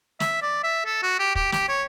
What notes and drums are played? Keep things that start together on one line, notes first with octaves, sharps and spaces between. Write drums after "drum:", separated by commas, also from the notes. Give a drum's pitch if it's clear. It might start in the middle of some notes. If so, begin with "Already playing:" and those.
E5, drum: snare
D5
E5
A4
F#4
G4
G4, drum: kick
G4, drum: snare
C#5